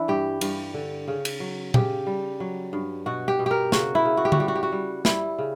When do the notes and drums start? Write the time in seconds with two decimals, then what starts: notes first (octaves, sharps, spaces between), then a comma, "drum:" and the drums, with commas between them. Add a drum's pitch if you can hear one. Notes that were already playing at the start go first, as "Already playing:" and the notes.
Already playing: E3 D4 E4
0.08 G2 G4
0.41 G2, drum: cymbal
0.74 D3
1.08 C#3
1.25 drum: cymbal
1.40 F#3
1.74 C#3 G4, drum: tom A#2
2.07 G3
2.40 F#3
2.73 G2
3.06 B2 F#4
3.28 G4
3.39 B2
3.46 G4 A#4
3.72 C#3 F#4, drum: snare
3.95 E4
4.05 C#3
4.17 F#4
4.25 G4
4.32 F#4, drum: tom D3
4.39 G3 G4
4.48 F#4
4.56 G4
4.63 F#4
4.72 G3
5.05 G3 E4, drum: snare
5.38 C#3